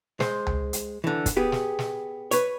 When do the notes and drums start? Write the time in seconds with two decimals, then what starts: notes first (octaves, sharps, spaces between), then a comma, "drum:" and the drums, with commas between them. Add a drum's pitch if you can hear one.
0.20 G#3 C5, drum: snare
0.47 drum: tom C#2
0.73 drum: hi-hat
1.04 D3 E3
1.26 drum: kick, hi-hat
1.36 B3 G4 G#4
1.52 drum: snare
1.79 drum: snare
2.31 B4 C#5, drum: hi-hat